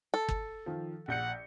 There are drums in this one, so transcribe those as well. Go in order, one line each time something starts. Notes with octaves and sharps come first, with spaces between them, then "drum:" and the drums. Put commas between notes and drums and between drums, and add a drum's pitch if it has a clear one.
A4
drum: kick G1
D#3 F3
A#1 F#5 G6 C#7